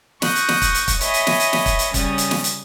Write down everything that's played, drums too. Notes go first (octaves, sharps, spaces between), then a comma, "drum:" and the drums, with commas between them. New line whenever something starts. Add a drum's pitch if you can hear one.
C#6 D#6 F#6 G6 A#6, drum: snare
drum: hi-hat
drum: snare
drum: kick, hi-hat
drum: hi-hat
drum: kick, hi-hat
C#5 D#5 E5 G#5 B5, drum: hi-hat
drum: hi-hat
drum: snare
drum: hi-hat
drum: snare
drum: kick, hi-hat
drum: hi-hat
C#3 G3 C#4 D#6, drum: kick, hi-hat
drum: hi-hat
drum: snare
drum: hi-hat